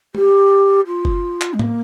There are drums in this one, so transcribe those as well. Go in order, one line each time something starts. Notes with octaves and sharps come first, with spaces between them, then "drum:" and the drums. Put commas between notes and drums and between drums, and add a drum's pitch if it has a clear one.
G4, drum: tom
F4
drum: kick F#1
drum: clap
G#3
A#3, drum: tom A2